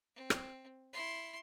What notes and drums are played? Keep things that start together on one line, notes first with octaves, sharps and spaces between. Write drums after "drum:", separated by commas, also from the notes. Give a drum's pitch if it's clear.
C4
drum: rim click
E4 C6